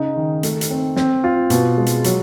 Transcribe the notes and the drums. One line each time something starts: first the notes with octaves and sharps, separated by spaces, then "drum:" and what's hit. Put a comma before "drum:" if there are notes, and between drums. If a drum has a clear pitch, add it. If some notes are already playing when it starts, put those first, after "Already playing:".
Already playing: C#3 D#4
D#3
A3, drum: hi-hat
drum: hi-hat
C4
C4, drum: snare
F4
B2, drum: hi-hat
G#3
drum: hi-hat
F#3, drum: hi-hat